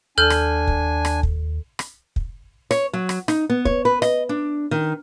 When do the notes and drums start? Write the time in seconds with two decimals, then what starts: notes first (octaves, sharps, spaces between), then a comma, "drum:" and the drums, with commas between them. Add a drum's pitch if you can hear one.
0.18 D#2 D4 A4 G#5 F6 G6
0.30 drum: rim click
0.67 drum: kick
1.05 drum: rim click
1.23 drum: kick
1.79 drum: rim click
2.16 drum: kick
2.71 C#5, drum: rim click
2.93 F#3
3.09 drum: rim click
3.28 D#4, drum: rim click
3.50 B3
3.65 C#5, drum: kick
3.85 B4
4.02 D#5, drum: rim click
4.29 D4
4.71 D#3